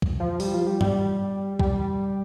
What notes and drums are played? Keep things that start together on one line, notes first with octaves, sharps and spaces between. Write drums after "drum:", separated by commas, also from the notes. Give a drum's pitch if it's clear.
drum: kick
F3
G3, drum: open hi-hat
F3
G3
G3, drum: tom G2
G3, drum: kick